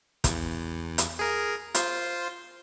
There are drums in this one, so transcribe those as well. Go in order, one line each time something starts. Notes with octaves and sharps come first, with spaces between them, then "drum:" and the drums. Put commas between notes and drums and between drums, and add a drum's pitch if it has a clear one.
E2, drum: kick, hi-hat
drum: hi-hat
G#4 A#4
F4 C5, drum: hi-hat